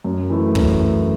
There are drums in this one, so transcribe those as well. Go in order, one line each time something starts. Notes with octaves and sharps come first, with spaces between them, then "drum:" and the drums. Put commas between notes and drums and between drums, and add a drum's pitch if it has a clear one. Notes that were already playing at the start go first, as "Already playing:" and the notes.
F#2
E3 A3 E4
F#2, drum: kick